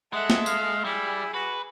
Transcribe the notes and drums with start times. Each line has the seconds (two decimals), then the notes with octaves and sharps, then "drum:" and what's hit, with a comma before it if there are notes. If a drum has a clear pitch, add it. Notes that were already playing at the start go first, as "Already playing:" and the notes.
0.13 G#3 A4 E5 F#5
0.30 drum: snare
0.46 F5, drum: tambourine
0.85 G3 E4 G#4
1.34 F#4 B4